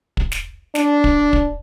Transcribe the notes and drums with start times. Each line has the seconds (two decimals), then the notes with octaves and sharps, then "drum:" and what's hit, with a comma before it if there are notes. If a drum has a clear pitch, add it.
0.17 drum: kick
0.32 drum: snare
0.75 D4, drum: snare
1.04 drum: kick
1.33 drum: kick